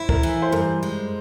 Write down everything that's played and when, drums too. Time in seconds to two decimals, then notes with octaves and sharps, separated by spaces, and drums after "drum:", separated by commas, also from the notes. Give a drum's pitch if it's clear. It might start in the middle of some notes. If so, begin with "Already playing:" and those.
Already playing: E4 C5
0.09 A#4, drum: kick
0.23 E3
0.42 C5
0.52 G2 A#4
0.83 G#3